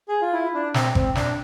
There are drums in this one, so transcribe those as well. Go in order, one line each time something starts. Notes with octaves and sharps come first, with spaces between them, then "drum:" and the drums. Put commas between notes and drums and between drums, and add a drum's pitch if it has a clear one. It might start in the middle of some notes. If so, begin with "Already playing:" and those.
G#4
F4
E4
D4
C4, drum: snare
C4, drum: kick G#1
D4, drum: snare